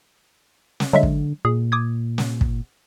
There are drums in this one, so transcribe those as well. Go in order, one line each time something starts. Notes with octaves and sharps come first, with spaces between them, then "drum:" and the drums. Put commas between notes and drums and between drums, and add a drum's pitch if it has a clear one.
drum: snare
D3 F#3 G#3 E5
drum: kick
A#2 G#4
D6 D#6 G#6
drum: snare
drum: kick